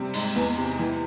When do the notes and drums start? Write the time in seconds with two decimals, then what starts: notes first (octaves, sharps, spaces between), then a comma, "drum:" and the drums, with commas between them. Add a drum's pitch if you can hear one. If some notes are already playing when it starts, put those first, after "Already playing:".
Already playing: C3 G3 C4
0.14 G#2, drum: cymbal
0.36 E2 B3
0.58 C3
0.79 E3